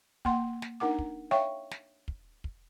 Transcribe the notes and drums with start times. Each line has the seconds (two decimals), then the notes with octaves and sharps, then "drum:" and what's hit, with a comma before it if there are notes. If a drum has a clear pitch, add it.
0.25 A#3 F#5 C6, drum: kick
0.62 drum: snare
0.80 D4 D#4 A#4 F#5 D6
0.99 drum: kick
1.31 C#5 E5 F5 G5 C#6
1.71 drum: snare
2.08 drum: kick
2.44 drum: kick